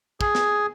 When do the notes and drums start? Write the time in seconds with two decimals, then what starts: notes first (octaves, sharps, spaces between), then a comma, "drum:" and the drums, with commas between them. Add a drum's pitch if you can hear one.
0.21 G#4, drum: kick
0.35 drum: snare